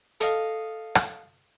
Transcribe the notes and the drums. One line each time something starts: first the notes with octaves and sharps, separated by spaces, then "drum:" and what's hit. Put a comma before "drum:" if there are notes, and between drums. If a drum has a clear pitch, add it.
A4 D#5 F5, drum: hi-hat
drum: rim click